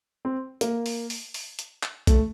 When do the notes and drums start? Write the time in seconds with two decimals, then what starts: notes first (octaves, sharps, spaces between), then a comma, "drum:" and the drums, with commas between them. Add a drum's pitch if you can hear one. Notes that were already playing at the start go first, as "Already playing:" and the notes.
0.25 C4
0.61 A#3, drum: hi-hat
0.86 drum: open hi-hat
1.10 drum: open hi-hat
1.34 drum: open hi-hat
1.59 drum: hi-hat
1.83 drum: clap
2.07 A3, drum: kick B1, hi-hat